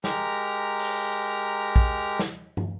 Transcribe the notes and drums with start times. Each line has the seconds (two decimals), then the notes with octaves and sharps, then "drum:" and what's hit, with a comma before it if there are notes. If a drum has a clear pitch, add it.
0.04 G#3 G4 A#4 A#5, drum: snare
0.79 drum: open hi-hat
1.76 drum: kick A#1
2.19 drum: snare
2.57 drum: tom